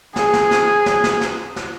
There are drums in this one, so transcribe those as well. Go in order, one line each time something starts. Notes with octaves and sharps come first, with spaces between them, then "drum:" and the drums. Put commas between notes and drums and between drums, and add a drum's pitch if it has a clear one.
G#4, drum: snare
drum: snare
drum: snare
drum: snare
drum: snare
drum: snare
drum: snare